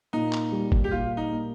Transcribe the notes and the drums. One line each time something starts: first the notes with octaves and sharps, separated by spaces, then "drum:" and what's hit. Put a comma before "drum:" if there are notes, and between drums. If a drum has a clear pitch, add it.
A#2 D#4
drum: clap
G3
drum: kick G1
G4
A#2 F4
D#4
A#3